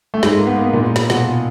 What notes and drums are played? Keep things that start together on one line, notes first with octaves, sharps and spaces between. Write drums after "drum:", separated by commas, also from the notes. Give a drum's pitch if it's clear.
A3
G#2 G#3, drum: snare
A#3
B3
A#3
B3
A#2 A#3
drum: snare
B2 B3, drum: snare